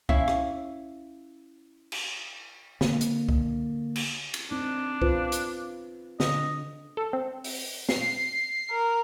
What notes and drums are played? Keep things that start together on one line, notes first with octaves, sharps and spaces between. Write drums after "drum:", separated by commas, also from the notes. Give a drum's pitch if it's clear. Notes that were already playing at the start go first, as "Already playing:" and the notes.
C#4 E4 E5 F5, drum: kick C2
drum: rim click
drum: cymbal
D3 A#3, drum: snare
drum: hi-hat
drum: kick C2
drum: cymbal
drum: cymbal
C4 D4 D#4
F4 B4 C5, drum: kick C2
drum: hi-hat
D3 D#5, drum: snare
A4
C4
drum: open hi-hat
C7, drum: snare
A#4